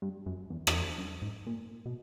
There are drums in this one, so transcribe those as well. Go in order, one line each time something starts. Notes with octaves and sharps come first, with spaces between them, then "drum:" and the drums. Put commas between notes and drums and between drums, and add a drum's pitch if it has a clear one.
G2
F#2
E2
E2, drum: rim click
F2
F#2
G#2
A#2
B2